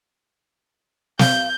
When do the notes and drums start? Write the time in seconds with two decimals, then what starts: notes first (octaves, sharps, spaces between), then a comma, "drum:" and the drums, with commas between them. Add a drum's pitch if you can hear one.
1.19 F5 G6, drum: snare